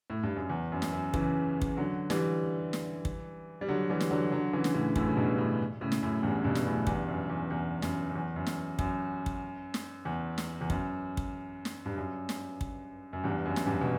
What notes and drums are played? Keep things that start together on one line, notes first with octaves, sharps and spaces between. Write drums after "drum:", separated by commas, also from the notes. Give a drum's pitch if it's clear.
A2
G2
F#2
E2
F#2
drum: snare
F#2
C#3 E3, drum: kick
drum: kick
D3 F#3
E3 G3, drum: snare
drum: snare
drum: kick
G3
D3 F#3
E3 G3
drum: snare
D3 F#3
D3 F#3
C#3 E3
drum: snare
A2 C#3
F#2 A2, drum: kick
C#3
G2 B2
A2 C#3
A2 C#3
drum: snare
F#2 A2
E2 G2
G2 B2
drum: snare
F#2 A2
E2 G2, drum: kick
F#2
E2
E2
F#2, drum: snare
F#2
E2
F#2
drum: snare
F#2, drum: kick
drum: kick
drum: snare
E2
drum: snare
E2
F#2, drum: kick
drum: kick
drum: snare
G2
F#2
drum: snare
drum: kick
F#2
E2 G2
F#2
drum: snare
E2 G2
B2